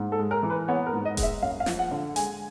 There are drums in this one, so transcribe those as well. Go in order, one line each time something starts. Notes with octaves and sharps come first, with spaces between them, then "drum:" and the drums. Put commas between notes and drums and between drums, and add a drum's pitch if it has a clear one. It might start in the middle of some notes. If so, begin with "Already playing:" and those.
Already playing: G#2
A4
G#3
A#4
E3
B4
B3 C#5
A#4
G#2
D#5
G#3, drum: kick D#1, hi-hat
E5
F#2 F5
F5
F3, drum: snare
F#5
D3
G#3 G#5, drum: hi-hat